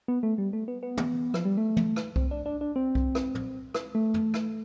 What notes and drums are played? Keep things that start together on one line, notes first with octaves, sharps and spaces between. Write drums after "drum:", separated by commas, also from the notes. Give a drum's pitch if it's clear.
B3
A3
G3
A3
B3
B3
drum: tom
F3, drum: rim click
G3
A3
drum: tom
drum: rim click
C4, drum: kick C2
D4
D4
D4
C4
drum: kick C2
drum: rim click
drum: tom
drum: rim click
A3
drum: tom
drum: rim click